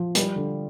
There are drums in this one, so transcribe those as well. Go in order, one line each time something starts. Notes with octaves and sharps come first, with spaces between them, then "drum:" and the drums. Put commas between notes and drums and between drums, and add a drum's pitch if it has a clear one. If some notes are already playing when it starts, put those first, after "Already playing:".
Already playing: F3
G3, drum: hi-hat
D3